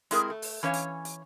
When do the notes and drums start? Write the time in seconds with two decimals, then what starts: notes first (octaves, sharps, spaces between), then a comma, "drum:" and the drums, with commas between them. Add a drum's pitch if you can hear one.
0.11 G#3 A3 C4 E4 G#4 A#4, drum: hi-hat
0.30 A3
0.42 drum: open hi-hat
0.63 E3 C#4 C#5 F5
0.74 drum: hi-hat
1.05 drum: hi-hat